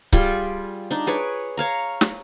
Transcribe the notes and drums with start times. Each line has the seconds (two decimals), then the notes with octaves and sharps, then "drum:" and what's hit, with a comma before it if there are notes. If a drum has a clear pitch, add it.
0.13 G3 F4 G4 G#4, drum: kick C#1
0.91 D4 D#4
1.07 G#4 B4 C#5 D6
1.57 C#5 F5 A#5
2.01 drum: snare